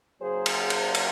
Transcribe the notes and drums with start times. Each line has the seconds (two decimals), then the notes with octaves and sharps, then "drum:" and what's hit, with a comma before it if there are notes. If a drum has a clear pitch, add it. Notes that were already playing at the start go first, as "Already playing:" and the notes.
0.21 C#3 F#3 A#3 G#4 C5
0.46 drum: cymbal
0.70 drum: cymbal
0.94 drum: cymbal